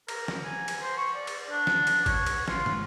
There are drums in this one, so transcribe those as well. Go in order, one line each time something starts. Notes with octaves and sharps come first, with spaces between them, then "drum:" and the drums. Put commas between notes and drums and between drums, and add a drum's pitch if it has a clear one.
A#4, drum: cymbal
drum: snare
G#5
drum: cymbal
C5
C#6
D5
drum: cymbal
D4
drum: snare
drum: cymbal
C#5, drum: kick, cymbal
drum: cymbal
F4, drum: snare
drum: tom